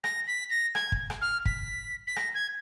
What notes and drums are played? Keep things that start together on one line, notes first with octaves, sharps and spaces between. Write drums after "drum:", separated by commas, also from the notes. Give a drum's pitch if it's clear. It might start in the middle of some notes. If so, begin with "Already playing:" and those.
A#6, drum: rim click
B6
A#6
G#6, drum: rim click
drum: kick
drum: rim click
F6
B6, drum: kick
B6
A#6, drum: rim click
G#6